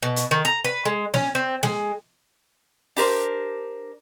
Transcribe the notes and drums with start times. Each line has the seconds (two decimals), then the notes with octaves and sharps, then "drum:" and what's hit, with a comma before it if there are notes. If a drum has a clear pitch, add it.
0.03 B2
0.16 drum: hi-hat
0.31 D#3
0.45 A#5
0.65 B4
0.85 G#3
1.14 C#4, drum: snare
1.35 C4
1.63 G#3, drum: snare
2.96 D4 G4 A#4 C5, drum: open hi-hat